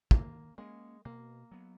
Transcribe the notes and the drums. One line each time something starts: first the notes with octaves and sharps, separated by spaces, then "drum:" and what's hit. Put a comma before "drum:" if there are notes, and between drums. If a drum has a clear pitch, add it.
D#3 A#3, drum: kick
G#3 A#3 C#4
B2 A#3
F#3 B3